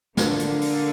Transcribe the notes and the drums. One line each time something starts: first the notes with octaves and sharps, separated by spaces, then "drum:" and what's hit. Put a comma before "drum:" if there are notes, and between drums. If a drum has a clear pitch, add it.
D3 A#3 D4, drum: snare
drum: hi-hat
drum: open hi-hat